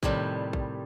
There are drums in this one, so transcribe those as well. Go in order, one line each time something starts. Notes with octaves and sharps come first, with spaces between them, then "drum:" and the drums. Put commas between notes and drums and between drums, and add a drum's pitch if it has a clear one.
A2 C3 D#3 G3, drum: kick A#1
drum: kick A#1